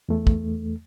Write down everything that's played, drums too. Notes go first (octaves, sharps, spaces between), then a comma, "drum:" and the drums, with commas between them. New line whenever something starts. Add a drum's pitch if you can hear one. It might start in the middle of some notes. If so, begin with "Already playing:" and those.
E2 A3
drum: kick